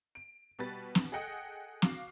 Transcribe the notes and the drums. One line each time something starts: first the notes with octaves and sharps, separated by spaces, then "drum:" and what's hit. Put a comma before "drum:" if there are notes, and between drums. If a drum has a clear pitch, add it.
D7
B2 G3 B4 A6
drum: snare
G#4 A4 D#5 F#5 G5 D#6
F#4 F5 D6, drum: snare